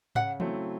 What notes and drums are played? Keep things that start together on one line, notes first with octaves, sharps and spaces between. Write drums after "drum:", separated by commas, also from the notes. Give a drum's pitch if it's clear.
C#3 F#5, drum: tom G#2
F#3 A3 C4 E4, drum: tom E3